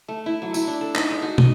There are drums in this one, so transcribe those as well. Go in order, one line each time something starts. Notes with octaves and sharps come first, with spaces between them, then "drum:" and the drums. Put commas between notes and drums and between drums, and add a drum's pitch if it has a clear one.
A3
E4
F#3
E4, drum: tambourine
D4
A4
D#4, drum: clap
G#3
F#4
D#5, drum: tom